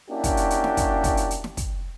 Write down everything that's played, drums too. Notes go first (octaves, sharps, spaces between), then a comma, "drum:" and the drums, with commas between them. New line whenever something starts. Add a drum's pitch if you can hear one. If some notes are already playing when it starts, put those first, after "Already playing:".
A#3 C#4 D4 E4 F#4 G4
drum: kick, hi-hat
drum: hi-hat
drum: hi-hat
drum: snare
drum: kick, hi-hat
drum: kick, hi-hat
drum: hi-hat
drum: hi-hat
drum: snare
drum: kick, hi-hat